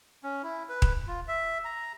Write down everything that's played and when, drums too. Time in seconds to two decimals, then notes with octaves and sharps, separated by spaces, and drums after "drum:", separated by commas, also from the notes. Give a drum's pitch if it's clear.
0.23 C#4
0.43 E4
0.69 B4
0.82 drum: kick D#1
1.07 F4
1.28 E5
1.65 A#5